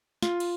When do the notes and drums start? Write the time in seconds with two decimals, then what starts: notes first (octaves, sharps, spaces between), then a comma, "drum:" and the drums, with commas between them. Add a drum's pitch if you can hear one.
0.22 F4, drum: snare
0.40 drum: cymbal